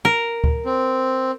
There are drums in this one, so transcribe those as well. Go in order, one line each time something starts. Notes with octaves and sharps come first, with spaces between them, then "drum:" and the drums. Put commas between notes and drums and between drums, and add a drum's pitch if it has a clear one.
A#4
drum: kick D2
C4